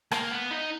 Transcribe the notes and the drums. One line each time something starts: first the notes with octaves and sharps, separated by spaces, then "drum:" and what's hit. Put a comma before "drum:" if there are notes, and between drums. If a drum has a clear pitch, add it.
A#3, drum: rim click
B3
D#4